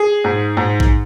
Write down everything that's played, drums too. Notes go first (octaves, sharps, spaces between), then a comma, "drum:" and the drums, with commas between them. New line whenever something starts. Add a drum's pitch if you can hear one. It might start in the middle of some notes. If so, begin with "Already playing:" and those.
Already playing: G#4
G#2
G#2
drum: kick A#1